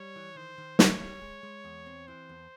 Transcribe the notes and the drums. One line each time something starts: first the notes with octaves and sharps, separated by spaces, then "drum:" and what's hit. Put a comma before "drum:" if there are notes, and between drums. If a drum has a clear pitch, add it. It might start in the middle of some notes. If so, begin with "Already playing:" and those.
Already playing: G3 C#5
E3
D#3 C5
D#3
D#3 C#5, drum: snare
G3
G#3
G#3
E2
C4
E3 C5
E2